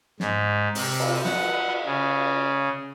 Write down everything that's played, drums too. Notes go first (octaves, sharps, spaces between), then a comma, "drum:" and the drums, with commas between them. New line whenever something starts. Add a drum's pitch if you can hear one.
G#2, drum: snare
C3, drum: open hi-hat
drum: cymbal
F#5, drum: snare
C#3